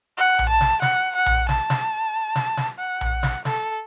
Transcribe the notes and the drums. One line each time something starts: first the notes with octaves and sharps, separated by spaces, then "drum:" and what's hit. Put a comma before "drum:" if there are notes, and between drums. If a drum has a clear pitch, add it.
F#5
drum: tom A#1
A5
drum: snare
F#5, drum: snare
F#5
drum: tom A#1
A5, drum: snare
drum: snare
drum: snare
drum: snare
F#5
drum: tom A#1
drum: snare
A4, drum: snare